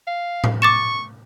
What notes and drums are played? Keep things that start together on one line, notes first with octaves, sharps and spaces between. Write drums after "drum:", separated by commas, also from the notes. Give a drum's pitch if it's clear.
F5
drum: tom A2
C#6 D6 A6 E7